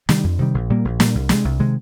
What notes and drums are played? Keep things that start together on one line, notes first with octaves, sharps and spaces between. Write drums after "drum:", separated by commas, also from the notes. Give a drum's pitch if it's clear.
C3 D#3 G3, drum: snare
F2
C3 D#3 G3
A#1
A#2 G3 A#3
A#1
A#2 G3 A#3, drum: snare
C2
C3 D#3 G#3, drum: snare
C2
C3 D#3 G#3